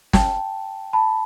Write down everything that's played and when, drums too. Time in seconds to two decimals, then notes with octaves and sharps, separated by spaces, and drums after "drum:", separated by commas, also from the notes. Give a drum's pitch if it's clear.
0.13 G5 A5, drum: snare
0.93 A5 B5